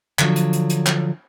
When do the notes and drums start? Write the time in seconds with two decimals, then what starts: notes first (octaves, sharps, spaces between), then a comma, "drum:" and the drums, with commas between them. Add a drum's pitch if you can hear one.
0.19 D3 F3 F#3, drum: clap
0.36 drum: hi-hat
0.53 drum: hi-hat
0.70 drum: hi-hat
0.86 drum: clap